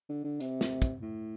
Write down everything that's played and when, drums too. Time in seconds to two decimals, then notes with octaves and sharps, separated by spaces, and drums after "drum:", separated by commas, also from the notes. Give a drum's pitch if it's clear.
0.09 D3
0.24 D3
0.40 C3, drum: hi-hat
0.61 drum: snare
0.82 drum: kick, hi-hat
1.02 A2